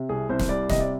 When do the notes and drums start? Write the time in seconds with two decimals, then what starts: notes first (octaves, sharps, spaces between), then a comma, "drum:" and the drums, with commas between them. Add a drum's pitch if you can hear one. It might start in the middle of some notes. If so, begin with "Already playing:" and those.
Already playing: C3
0.09 C2 G#4
0.29 C2 C5
0.39 drum: snare
0.49 G3 D5
0.69 C3 D#5, drum: snare
0.80 D5